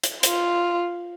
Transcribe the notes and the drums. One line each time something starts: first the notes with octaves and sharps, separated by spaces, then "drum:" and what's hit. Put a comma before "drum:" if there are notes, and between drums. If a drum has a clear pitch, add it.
drum: hi-hat
F4, drum: hi-hat